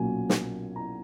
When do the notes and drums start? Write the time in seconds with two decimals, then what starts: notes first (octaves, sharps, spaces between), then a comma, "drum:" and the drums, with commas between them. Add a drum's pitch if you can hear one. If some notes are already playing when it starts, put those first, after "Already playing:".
Already playing: B1 A#2 F#3 A#3 C#4 G#5
0.30 drum: snare
0.76 A#5